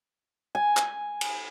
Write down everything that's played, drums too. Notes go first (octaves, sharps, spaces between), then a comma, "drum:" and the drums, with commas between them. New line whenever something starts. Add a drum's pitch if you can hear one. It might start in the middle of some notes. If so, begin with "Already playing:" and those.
G#5
drum: clap
drum: cymbal